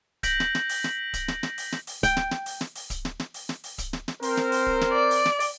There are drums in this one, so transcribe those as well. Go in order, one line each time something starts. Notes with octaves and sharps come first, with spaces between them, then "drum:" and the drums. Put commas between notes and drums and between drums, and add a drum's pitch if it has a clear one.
G6 A#6 B6 D7 F#7, drum: kick D1, hi-hat
drum: snare
drum: snare
drum: open hi-hat
drum: snare
drum: kick D1, hi-hat
drum: snare
drum: snare
drum: open hi-hat
drum: snare
drum: open hi-hat
G5, drum: kick D1, hi-hat
drum: snare
drum: snare
drum: open hi-hat
drum: snare
drum: open hi-hat
drum: kick D1, hi-hat
drum: snare
drum: snare
drum: open hi-hat
drum: snare
drum: open hi-hat
drum: kick D1, hi-hat
drum: snare
drum: snare
C4 A#4 C5, drum: open hi-hat
drum: snare
drum: open hi-hat
drum: kick D1
drum: snare
D5
drum: open hi-hat
drum: snare
drum: open hi-hat